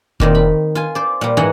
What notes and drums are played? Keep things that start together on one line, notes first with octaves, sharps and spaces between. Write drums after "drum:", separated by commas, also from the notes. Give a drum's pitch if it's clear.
A#2 D#3 C4, drum: kick F1
B5
F4 G#5
C5 D5
A#2 G3
G#2 E3 G#4 F#5 A#5